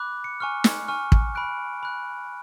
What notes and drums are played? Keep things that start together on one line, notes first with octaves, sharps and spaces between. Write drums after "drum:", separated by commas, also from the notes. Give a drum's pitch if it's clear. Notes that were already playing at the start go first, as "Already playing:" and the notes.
Already playing: B5 D6 F#6
C#7
G#5 C#6 F6
drum: snare
G#5 C#6 F6
drum: kick
B5 F#6 D7
B5 F#6